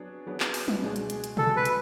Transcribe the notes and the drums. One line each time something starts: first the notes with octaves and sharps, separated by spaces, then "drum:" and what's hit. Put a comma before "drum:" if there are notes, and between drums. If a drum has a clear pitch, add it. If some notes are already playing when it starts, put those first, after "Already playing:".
Already playing: F#3 B3 D4 G#4 C#5
F#3 B3 D4 G#4 C#5
drum: clap
drum: open hi-hat
drum: tom F#3
C#2 B2 G#3 D4 G#4
drum: hi-hat
drum: hi-hat
drum: hi-hat
C#2 B2 G#3 D4 G#4 A4, drum: tom B2
B4
drum: hi-hat